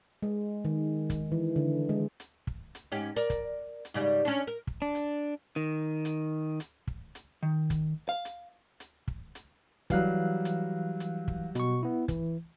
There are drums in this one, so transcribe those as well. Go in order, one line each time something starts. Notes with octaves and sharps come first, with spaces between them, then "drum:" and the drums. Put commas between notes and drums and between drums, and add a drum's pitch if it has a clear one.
G#3
D#3
drum: kick, hi-hat
E3
D3
G#3
drum: hi-hat
drum: kick
drum: hi-hat
G#2 C#4 G4
A#4 D5
drum: kick, hi-hat
drum: hi-hat
G#2 C#3 G3
C#4 D4
A#4
drum: kick
D4
drum: hi-hat
D#3
drum: hi-hat
drum: hi-hat
drum: kick
drum: hi-hat
D#3
drum: kick, hi-hat
F5
drum: hi-hat
drum: hi-hat
drum: kick
drum: hi-hat
E3 F#3 G3 F5 F#6, drum: kick, hi-hat
drum: hi-hat
drum: hi-hat
drum: kick
B2 C#6, drum: hi-hat
B3 E4
E3, drum: kick, hi-hat